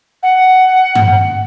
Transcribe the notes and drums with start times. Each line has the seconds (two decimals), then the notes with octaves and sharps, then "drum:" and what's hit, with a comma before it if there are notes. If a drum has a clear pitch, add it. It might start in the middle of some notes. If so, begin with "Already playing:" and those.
0.23 F#5
0.95 drum: tom G2